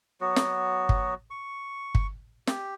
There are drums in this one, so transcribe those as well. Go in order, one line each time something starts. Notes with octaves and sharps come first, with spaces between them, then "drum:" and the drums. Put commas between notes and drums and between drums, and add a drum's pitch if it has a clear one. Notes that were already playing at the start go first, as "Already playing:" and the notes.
F#3 B3 F#4
drum: snare
drum: kick
C#6
drum: kick
G4, drum: snare